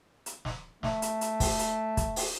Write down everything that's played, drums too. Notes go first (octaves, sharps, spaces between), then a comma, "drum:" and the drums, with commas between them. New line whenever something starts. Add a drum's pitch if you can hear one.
drum: hi-hat
drum: snare
A3, drum: snare
drum: hi-hat
drum: hi-hat
drum: kick, open hi-hat
drum: hi-hat
drum: kick, hi-hat
drum: open hi-hat